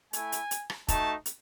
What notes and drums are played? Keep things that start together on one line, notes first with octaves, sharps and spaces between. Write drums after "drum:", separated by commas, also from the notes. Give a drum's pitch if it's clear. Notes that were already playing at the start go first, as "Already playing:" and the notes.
A3 E4 G#5, drum: hi-hat
drum: hi-hat
drum: hi-hat
drum: rim click
A3 D#4 F#4 A5, drum: kick E1, hi-hat
drum: hi-hat